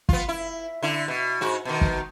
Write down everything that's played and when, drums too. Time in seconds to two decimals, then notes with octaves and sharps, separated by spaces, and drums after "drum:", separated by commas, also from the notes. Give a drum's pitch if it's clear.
0.09 B3 F4, drum: kick G1
0.29 E4
0.82 D3 E4
1.08 B2
1.41 G#2 F#4
1.65 B2 D#3
1.81 drum: kick G1